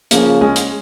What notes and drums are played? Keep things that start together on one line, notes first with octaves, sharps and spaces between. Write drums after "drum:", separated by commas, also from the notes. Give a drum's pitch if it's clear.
C#3 F3 A#3, drum: hi-hat
G#3 C#4
drum: hi-hat